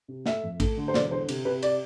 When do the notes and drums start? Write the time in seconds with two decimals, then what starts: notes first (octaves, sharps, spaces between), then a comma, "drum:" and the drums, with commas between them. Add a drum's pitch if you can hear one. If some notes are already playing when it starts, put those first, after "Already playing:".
0.08 C3
0.26 A3 E5, drum: snare
0.43 F2
0.60 A3, drum: kick, cymbal
0.77 D3
0.88 C5
0.94 E1 D5, drum: snare
1.11 D3 C5
1.29 C3, drum: cymbal
1.45 C3 B4
1.63 D5, drum: cymbal